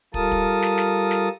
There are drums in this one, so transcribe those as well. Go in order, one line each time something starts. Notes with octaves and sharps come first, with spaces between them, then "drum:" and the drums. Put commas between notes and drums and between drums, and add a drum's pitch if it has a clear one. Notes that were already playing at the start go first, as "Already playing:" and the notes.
G3 F4 A4 A#4 A5 D#6, drum: kick
drum: kick
drum: snare
drum: snare
drum: snare